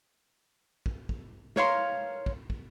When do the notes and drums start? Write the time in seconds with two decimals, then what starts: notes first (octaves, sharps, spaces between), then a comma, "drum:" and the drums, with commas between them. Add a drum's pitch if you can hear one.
0.86 drum: kick
1.09 drum: kick
1.56 A#4 C#5 F5 C6, drum: snare
2.26 drum: kick
2.50 drum: kick